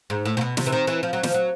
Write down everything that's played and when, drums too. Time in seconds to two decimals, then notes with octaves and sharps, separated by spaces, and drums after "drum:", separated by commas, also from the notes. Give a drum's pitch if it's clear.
0.10 G#2
0.25 A2
0.37 A#2
0.41 B2
0.57 C3, drum: snare
0.66 E3
0.72 D#3
0.87 E3
1.03 F3
1.13 F#3
1.23 F3, drum: snare
1.34 F#3